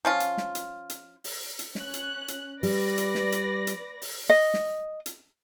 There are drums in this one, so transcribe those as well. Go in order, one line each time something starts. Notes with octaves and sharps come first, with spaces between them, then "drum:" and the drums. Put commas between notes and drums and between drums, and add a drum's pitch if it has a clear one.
F3 C#4 F4
drum: hi-hat
drum: snare
drum: hi-hat
drum: hi-hat
drum: open hi-hat
drum: hi-hat
C#4 F#6, drum: snare
drum: hi-hat
drum: hi-hat
G3 B4 D5 A#6, drum: open hi-hat
drum: hi-hat
drum: snare
drum: hi-hat
drum: hi-hat
drum: open hi-hat
D#5
drum: snare
drum: hi-hat